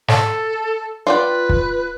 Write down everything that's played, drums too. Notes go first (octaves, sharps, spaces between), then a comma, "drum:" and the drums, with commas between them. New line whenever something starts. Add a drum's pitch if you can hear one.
A4, drum: snare
F4 B4 D5 G5
drum: kick